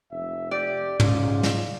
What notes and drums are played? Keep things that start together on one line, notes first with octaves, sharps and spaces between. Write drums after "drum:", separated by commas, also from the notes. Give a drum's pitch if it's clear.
F1 E5
G4 D5
G#2 C#3 F4, drum: tom
drum: snare